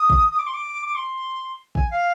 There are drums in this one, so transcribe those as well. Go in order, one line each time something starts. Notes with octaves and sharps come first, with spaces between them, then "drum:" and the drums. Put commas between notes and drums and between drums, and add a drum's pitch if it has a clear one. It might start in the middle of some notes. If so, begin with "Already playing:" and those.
Already playing: D#6
drum: kick
D#6
D6
C6
D6
D6
C6
G#5, drum: kick
F5